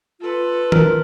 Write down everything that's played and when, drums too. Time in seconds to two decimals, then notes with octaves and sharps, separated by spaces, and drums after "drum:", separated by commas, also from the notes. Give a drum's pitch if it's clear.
0.21 F4 A4 B4
0.72 A#4, drum: tom D#3